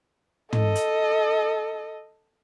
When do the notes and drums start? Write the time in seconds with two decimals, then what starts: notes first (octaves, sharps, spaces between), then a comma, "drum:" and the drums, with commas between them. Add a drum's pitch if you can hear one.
0.53 A4 D#5, drum: tom
0.75 drum: hi-hat